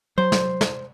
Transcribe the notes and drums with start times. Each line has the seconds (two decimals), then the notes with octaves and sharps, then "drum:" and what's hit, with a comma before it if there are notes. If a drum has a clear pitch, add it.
0.18 F#3 C5
0.32 drum: snare
0.61 drum: snare